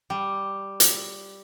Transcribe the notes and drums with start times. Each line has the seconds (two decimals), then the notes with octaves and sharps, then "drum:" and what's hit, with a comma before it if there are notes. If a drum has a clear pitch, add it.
0.10 G3
0.80 drum: hi-hat